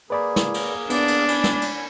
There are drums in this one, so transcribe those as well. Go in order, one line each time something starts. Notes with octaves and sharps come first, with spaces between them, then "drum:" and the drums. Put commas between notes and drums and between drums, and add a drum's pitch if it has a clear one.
A#3 G#4 B4 D5 B5
drum: snare
drum: cymbal
B3 D4, drum: cymbal
drum: cymbal
G#5 B5, drum: cymbal
drum: snare
drum: cymbal